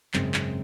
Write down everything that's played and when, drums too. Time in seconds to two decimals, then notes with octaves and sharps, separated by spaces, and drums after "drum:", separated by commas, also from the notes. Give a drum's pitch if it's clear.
0.14 G#1 F#2 C#3 G#3 C4, drum: clap
0.34 drum: clap